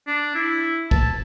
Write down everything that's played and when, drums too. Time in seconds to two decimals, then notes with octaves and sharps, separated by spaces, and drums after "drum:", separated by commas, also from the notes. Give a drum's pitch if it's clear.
0.07 D4
0.35 E4
0.91 A5, drum: kick